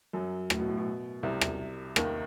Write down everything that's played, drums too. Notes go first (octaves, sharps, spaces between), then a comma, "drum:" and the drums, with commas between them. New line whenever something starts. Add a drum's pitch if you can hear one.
F#2 F#3
A2, drum: rim click
B2
A2
B2
C2 C3
drum: rim click
D#2 D#3, drum: rim click